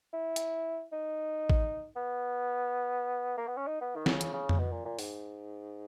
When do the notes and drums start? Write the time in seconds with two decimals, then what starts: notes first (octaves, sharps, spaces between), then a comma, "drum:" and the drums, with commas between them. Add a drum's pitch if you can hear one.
0.13 E4
0.36 drum: hi-hat
0.92 D#4
1.50 drum: kick A1
1.96 B3
3.38 A#3
3.47 B3
3.57 C#4
3.67 D#4
3.81 B3
3.96 D#3
4.06 C#3, drum: snare
4.21 drum: hi-hat
4.33 C#3
4.49 drum: tom F2
4.59 B2
4.72 A#2
4.85 A#2
4.99 G#2, drum: open hi-hat